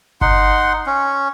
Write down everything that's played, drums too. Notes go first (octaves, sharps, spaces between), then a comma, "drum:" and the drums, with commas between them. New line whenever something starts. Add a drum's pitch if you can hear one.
D#4 F#5 C6, drum: kick G1
C#4